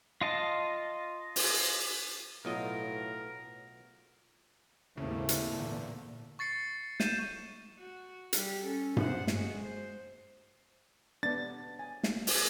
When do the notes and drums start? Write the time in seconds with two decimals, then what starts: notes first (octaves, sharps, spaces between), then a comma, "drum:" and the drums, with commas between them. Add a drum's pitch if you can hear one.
0.21 F4 D#5 A5
1.36 drum: open hi-hat
2.45 B1 A2 F#3 B3 D#4 F4 A#4 D#5
4.97 D#2 G#2 C#3 A3 A#3 C4 E4
5.29 drum: hi-hat
5.52 E2 A#2 D3 A#3
6.39 C#6 A6 C7 C#7
7.00 G6 D#7 E7, drum: snare
7.78 F#4
8.33 G3 G4, drum: hi-hat
8.64 C#4 A4
8.97 C5 F#5, drum: tom G2
9.27 G#3 F#4, drum: snare
9.60 C5
11.23 B3 D4 A6
11.79 G#5
12.03 drum: snare
12.27 drum: open hi-hat